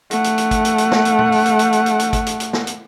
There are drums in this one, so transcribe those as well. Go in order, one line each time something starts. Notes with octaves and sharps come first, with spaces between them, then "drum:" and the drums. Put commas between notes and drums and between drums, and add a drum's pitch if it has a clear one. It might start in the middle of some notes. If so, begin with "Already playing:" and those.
A3 F#5, drum: hi-hat
drum: hi-hat
drum: hi-hat
drum: kick, hi-hat
drum: hi-hat
drum: hi-hat
drum: snare
drum: hi-hat
drum: tom
drum: open hi-hat
drum: hi-hat
drum: hi-hat
drum: hi-hat
drum: hi-hat
drum: hi-hat
drum: kick, hi-hat
drum: hi-hat
drum: hi-hat
drum: snare
drum: hi-hat